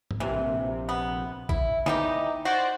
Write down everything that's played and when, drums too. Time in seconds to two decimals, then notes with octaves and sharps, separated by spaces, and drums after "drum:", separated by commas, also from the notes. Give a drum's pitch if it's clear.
0.11 drum: tom G#2
0.20 A#1 C3 E3
0.89 B3
1.49 E4, drum: kick A1
1.86 E3 G3 D#4 G4, drum: snare
2.45 F#4 C5 D5